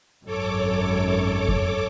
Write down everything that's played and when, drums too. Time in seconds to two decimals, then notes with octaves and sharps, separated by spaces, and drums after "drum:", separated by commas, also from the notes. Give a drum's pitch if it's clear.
0.25 G#1 F#2 A4 C#5 D6
1.48 drum: kick F2